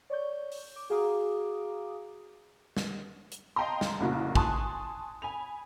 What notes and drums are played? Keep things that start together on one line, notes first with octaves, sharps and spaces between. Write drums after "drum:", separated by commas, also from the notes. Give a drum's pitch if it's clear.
C#5 D5 C#6 G6
drum: open hi-hat
D6
F#4 G#4 F5 A#5 D6 D#6
drum: snare
drum: hi-hat
D#5 F5 G5 A5 A#5 C6
drum: snare
F1 A#1 A2 C#3 A#3 F#4
G#5 A5 C6 C#6 D#6 F#6, drum: kick
G#5 B5 F7